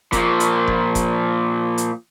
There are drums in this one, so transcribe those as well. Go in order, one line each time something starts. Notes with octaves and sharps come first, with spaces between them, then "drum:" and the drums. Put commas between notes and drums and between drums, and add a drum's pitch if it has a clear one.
A#2 F3, drum: kick F1, hi-hat
drum: hi-hat
drum: kick F1
drum: kick F1, hi-hat
drum: hi-hat